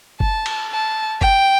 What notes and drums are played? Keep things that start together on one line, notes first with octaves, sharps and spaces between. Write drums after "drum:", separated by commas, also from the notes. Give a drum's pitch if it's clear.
A5, drum: kick F#1
drum: cymbal
A5
G5, drum: kick F#1